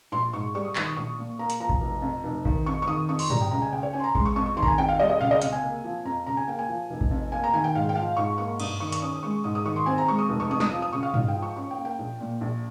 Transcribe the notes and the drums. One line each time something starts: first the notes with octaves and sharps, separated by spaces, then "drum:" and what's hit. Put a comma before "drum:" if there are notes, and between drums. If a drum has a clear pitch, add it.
A#1 C6
G#2 C#6
G3 C#6
D#6
D#3 C#6, drum: clap
D#6
A#1 C#6
A#2
A#3 A#5
drum: hi-hat
F3 A#5
drum: kick A1
F1
F2
F1
D#3, drum: kick A1
F2 C#6
C#6
D#3 D#6
F2 C#6
C6, drum: open hi-hat
G3 A#5, drum: tom
G5
C#2 A#5
G#5
C#3 G5
C#5
C#4 G#5
C6
A#5
G#3 C6, drum: kick A1
C#6
F2 C#6
C#6
D#3 C6
A#5, drum: kick A1
G#5
F2 G5
F5
G3 D#5
D#5
C#2 F5
D#5
C3 F5, drum: hi-hat
G#5
A#3
F3
F2 A#5
C#3 A#5
G#5
A#3 G5
G#5
F3
F1
drum: kick A1
F2
A#3 G#5
A#5
D#3 G#5
G5
G#2 F5
G5
F3 F5
G#2 C#6
A#3 C#6
G2 D#6, drum: cymbal
D#3 C#6
C#6, drum: hi-hat
C#4 D#6
D#6
G#3 C#6
G#2 D#6
D#6
D#3 C#6
C6
C4 G#5
A#5
G#3 C#6
D#6
F1
C#6
F2 D#6
D#6, drum: snare
F3 D#6
D#6
C#3 C#6
F5
G#2 F5, drum: tom
G5
F3
C#6
C#4 C#6
G5
A#3
G5
A#1
A#2
A#1